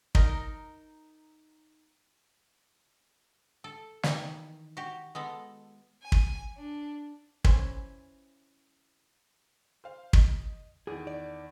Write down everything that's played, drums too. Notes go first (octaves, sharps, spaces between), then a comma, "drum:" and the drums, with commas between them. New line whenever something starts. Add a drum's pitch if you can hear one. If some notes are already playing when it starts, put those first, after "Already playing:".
D#4 A#4, drum: kick
A4
D#3 E3 B4, drum: snare
F#4 G4
G#3 B3 A4
G#5
drum: kick
D4
E3 C#4 C5 G#5, drum: kick
C5 F5
D#5, drum: kick
E2 D#3 G#4
D5